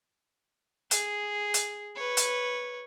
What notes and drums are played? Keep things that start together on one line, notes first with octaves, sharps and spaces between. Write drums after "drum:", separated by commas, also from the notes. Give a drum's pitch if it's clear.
G#4, drum: hi-hat
drum: hi-hat
B4 C#5
drum: hi-hat